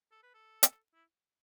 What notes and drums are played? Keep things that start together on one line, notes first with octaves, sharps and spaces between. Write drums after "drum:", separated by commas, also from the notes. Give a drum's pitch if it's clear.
A4
B4
A4
drum: hi-hat
E4